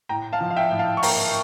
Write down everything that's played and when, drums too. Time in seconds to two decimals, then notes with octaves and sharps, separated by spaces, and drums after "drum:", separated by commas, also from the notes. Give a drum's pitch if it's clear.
0.09 A2 G5 A#5
0.33 F5 A5
0.41 F3
0.51 F5
0.56 E5 G5
0.72 A2
0.79 F5 A5
0.97 C#6
1.03 A#3 G5 A#5, drum: open hi-hat